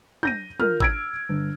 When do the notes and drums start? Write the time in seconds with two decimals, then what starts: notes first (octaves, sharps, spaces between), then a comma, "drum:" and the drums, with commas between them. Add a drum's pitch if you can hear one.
0.23 G6 A#6 D#7, drum: tom
0.60 F4 A#4 F6, drum: tom
0.80 E6 G#6 D7, drum: kick G#1
1.29 G1